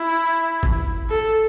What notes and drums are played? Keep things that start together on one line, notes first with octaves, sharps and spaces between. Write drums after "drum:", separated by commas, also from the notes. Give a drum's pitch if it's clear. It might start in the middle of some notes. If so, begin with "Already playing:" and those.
Already playing: E4
drum: kick
A4